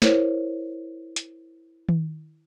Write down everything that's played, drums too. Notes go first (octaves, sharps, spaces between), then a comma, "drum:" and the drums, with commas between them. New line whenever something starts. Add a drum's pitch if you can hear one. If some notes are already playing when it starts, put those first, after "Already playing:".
E4 A#4 C5 C#5, drum: snare
drum: hi-hat
drum: tom D#3